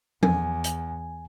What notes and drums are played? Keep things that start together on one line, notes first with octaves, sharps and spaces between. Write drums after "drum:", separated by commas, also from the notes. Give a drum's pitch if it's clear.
E2 G#5, drum: tom F3
drum: hi-hat